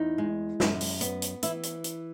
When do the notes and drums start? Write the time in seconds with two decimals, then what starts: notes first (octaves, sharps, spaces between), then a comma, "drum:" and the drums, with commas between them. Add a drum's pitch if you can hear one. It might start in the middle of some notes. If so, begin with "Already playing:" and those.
Already playing: E2 D#4
0.18 G#3
0.60 F#2, drum: snare
0.81 drum: open hi-hat
1.01 B3, drum: hi-hat
1.22 drum: hi-hat
1.42 E3 E4, drum: hi-hat
1.63 drum: hi-hat
1.84 drum: hi-hat